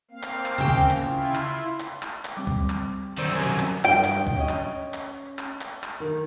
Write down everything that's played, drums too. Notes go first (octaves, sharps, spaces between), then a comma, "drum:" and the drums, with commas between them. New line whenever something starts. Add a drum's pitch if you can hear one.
A#3 C4 F5
drum: clap
drum: clap
C#3 G5
drum: kick
drum: clap
E4 F4
drum: clap
drum: clap
drum: clap
drum: clap
G3 C4 D6
drum: kick
drum: clap
F#2 D#3 C5 D5 E6
G1 C3 G#6
drum: clap
G2 D#5 G5, drum: clap
drum: clap
drum: kick
C#4 D#5
drum: clap
drum: clap
drum: clap
drum: clap
drum: clap
D#3